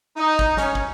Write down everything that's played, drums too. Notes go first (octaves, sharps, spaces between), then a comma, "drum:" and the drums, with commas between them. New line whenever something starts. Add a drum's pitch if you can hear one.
D#4
drum: kick
C#4, drum: snare
drum: kick